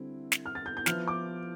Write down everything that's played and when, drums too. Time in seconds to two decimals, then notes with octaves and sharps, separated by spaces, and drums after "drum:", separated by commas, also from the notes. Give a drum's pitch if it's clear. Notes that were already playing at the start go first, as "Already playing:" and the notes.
Already playing: D3 G3 C4 E4
0.32 drum: snare
0.46 F6
0.55 A6
0.66 G6
0.77 G6
0.86 F3 B3 E4 F6, drum: snare
1.08 D6